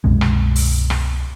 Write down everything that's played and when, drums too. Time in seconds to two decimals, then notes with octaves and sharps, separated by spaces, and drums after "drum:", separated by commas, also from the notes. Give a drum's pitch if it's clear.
0.04 C2 F#2 B2 G#3
0.21 drum: rim click
0.56 drum: open hi-hat
0.90 drum: rim click